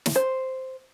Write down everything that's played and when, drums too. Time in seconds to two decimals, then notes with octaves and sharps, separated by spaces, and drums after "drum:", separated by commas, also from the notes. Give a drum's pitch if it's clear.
0.06 drum: snare
0.16 C5